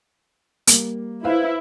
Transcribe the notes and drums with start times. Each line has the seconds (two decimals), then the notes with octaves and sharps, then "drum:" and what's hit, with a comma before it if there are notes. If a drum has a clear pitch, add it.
0.67 G3 A#3, drum: hi-hat
1.24 E4 B4 C5 F5